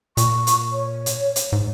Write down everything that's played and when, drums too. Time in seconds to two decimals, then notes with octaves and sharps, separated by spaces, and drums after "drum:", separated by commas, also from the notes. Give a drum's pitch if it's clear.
0.17 A#2 C#6, drum: hi-hat
0.47 drum: hi-hat
0.72 C#5
1.06 drum: hi-hat
1.36 drum: hi-hat
1.52 G#2